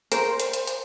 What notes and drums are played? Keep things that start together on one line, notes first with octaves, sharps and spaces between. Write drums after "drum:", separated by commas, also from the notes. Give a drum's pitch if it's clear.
A#4 C5, drum: hi-hat
drum: hi-hat
drum: hi-hat
drum: hi-hat